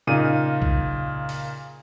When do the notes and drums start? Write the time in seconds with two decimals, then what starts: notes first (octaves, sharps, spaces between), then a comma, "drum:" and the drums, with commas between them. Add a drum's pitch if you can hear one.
0.07 A#2 C#3 D#4 D#7
0.62 drum: kick
1.29 drum: open hi-hat